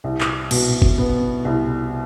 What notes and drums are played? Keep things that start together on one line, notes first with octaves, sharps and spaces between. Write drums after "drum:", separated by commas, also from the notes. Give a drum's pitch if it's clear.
C2
drum: clap
B2, drum: cymbal
drum: kick F#1
B3
C2